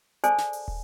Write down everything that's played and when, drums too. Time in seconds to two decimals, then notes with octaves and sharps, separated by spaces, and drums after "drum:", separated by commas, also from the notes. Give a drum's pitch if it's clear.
0.24 G#4 A4 C5 D5 G#5 A5, drum: hi-hat
0.38 drum: snare
0.53 drum: open hi-hat
0.68 drum: kick